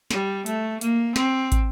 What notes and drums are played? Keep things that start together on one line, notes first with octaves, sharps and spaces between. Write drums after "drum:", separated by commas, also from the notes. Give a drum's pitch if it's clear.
G3, drum: snare
A3, drum: hi-hat
A#3, drum: hi-hat
C4, drum: snare
drum: kick, hi-hat